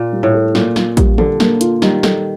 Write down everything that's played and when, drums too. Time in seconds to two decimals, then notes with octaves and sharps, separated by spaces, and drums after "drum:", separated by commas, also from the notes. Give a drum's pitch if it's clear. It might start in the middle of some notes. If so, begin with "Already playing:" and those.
Already playing: A#2 F4
0.13 G3
0.23 A2
0.34 A4
0.55 A#2 A#3, drum: snare
0.76 F4, drum: snare
0.97 G3, drum: kick, hi-hat
1.18 D3 A4, drum: tom
1.40 A#3, drum: snare
1.61 F4, drum: hi-hat
1.82 D#3 G3, drum: snare
2.03 A4, drum: snare